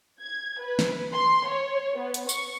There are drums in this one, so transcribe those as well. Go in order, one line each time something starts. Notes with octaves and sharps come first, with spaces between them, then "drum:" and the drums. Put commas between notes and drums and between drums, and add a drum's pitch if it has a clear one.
G#6
B4
drum: snare
C6
C#5
B3
drum: hi-hat
C#6, drum: tambourine